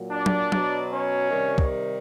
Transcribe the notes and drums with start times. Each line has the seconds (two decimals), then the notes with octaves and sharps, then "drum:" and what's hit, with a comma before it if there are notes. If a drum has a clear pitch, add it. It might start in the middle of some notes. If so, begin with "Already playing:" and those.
Already playing: A#2 F#3
0.11 D4 D5
0.26 drum: tom F#3
0.52 B2 F#3, drum: tom F#3
0.92 C#4 C#5
1.30 C3 D#3 G3
1.58 drum: kick